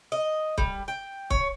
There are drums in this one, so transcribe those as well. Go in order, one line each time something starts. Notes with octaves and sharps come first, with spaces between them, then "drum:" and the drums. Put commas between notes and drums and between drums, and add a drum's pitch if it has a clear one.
D#5
G3, drum: kick C#1
G5
C#5, drum: kick C#1